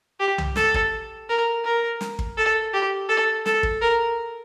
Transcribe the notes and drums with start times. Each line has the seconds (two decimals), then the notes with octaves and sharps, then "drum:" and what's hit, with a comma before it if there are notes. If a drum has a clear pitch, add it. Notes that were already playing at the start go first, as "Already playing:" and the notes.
0.20 G4
0.38 drum: tom C2
0.56 A4, drum: snare
0.74 drum: kick
1.29 A#4
1.64 A#4
2.01 drum: snare
2.19 drum: kick
2.37 A4
2.73 G4
3.09 A4
3.46 A4, drum: snare
3.63 drum: kick
3.81 A#4